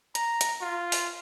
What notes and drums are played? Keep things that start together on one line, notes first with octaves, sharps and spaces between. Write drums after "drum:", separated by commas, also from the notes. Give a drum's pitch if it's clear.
A#5, drum: hi-hat
drum: hi-hat
F4
drum: open hi-hat